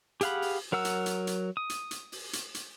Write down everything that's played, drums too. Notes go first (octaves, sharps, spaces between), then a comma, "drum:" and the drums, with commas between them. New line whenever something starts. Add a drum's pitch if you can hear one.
G4 G#4 F5 F#5 B5, drum: hi-hat
drum: open hi-hat
F#3 A#4 F#5 E6
drum: hi-hat
drum: hi-hat
drum: hi-hat
D#6
drum: hi-hat
drum: hi-hat
drum: open hi-hat
drum: hi-hat
drum: hi-hat